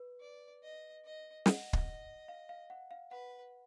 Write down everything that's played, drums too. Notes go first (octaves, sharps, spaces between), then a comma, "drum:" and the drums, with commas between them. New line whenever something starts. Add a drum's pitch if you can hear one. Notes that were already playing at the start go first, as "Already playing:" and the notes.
Already playing: B4
D5
D#5
D#5
D#5 F#5, drum: snare
drum: kick
F5
F5
F#5
F5
B4 F#5